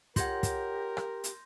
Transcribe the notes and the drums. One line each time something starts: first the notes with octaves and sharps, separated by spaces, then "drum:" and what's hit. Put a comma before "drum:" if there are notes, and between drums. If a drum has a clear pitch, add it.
F4 G4 A#4 C#5 F#5 C6 G6 A#6, drum: kick, hi-hat
drum: kick, hi-hat
drum: rim click
drum: hi-hat